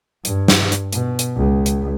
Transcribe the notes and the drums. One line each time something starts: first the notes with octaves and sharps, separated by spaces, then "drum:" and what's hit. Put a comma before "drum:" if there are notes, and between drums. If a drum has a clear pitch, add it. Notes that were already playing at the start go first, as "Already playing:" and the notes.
G2, drum: hi-hat
drum: snare
drum: hi-hat
B2, drum: hi-hat
drum: hi-hat
C#2
drum: hi-hat